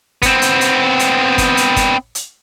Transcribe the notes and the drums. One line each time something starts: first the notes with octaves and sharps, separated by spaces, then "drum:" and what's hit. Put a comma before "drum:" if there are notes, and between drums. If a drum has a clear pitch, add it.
B3 C4, drum: kick G1, hi-hat
drum: hi-hat
drum: hi-hat
drum: hi-hat
drum: kick G1, hi-hat
drum: hi-hat
drum: kick G1, hi-hat
drum: hi-hat